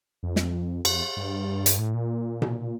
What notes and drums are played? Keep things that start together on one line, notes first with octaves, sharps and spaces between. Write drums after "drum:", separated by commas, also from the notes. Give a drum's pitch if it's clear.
F2
drum: snare
F2, drum: cymbal
G2
drum: hi-hat
A2
A#2
drum: tom B2